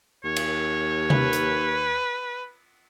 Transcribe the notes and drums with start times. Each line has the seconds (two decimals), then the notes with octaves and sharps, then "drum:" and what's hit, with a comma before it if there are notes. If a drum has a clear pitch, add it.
0.24 D#2 C#5
0.36 drum: cymbal
1.10 B4, drum: tom C3
1.33 drum: hi-hat